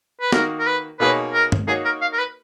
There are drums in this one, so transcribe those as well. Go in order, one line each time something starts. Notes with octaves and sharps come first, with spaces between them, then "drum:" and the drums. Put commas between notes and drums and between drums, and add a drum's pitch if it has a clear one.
B4
D#3 A#3 D#4 F#4 A#4, drum: snare
A#4
B4
B2 A#3 D#4 G#4 B4 C#5
A#4
drum: tom
A#3 D#4 F#4 G#4 C#5
A#4
F5
A#4
B4